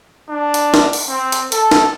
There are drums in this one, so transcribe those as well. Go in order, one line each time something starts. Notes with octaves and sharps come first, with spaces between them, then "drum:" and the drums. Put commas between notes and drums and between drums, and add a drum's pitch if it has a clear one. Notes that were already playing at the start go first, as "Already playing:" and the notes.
D4
drum: hi-hat
drum: snare
drum: open hi-hat
C4
drum: hi-hat
A4, drum: hi-hat
drum: snare